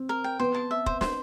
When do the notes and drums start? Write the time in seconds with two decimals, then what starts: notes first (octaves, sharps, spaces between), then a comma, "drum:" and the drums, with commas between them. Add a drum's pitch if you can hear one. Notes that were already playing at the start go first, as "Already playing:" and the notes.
Already playing: C4
0.09 A#4
0.24 G5
0.39 B3 C5
0.55 A5
0.71 E5
0.86 C5, drum: kick
1.01 C5, drum: snare